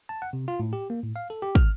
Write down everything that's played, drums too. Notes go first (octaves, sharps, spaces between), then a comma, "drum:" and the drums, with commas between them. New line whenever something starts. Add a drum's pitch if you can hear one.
A5
F#5
C3
F4
A2
G4
A#3
A2
F5
A4
G4
F6, drum: kick